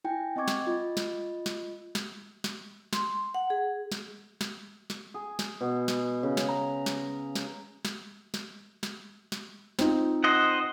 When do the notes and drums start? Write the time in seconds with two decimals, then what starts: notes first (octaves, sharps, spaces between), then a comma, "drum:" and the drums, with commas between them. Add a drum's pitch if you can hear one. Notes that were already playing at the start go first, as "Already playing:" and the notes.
0.05 E4 G5 G#5
0.36 C4 D#5 G5 C#6 D6 G#6
0.48 drum: snare
0.67 F4 D#5
0.97 drum: snare
1.46 drum: snare
1.95 drum: snare
2.44 drum: snare
2.93 C6, drum: snare
3.35 F#5
3.50 G#4
3.92 drum: snare
4.41 drum: snare
4.90 drum: snare
5.14 G#4
5.39 drum: snare
5.61 B2
5.88 drum: snare
6.23 C#3
6.37 drum: snare
6.48 A#5
6.86 drum: snare
7.35 drum: snare
7.85 drum: snare
8.34 drum: snare
8.83 drum: snare
9.32 drum: snare
9.79 C4 D#4 F4, drum: snare
10.24 C5 D#5 F#5